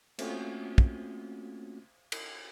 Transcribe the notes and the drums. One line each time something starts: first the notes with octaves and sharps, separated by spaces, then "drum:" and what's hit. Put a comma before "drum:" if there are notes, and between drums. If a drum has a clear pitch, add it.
A3 A#3 C4 C#4 F4 F#4, drum: cymbal
drum: kick
drum: cymbal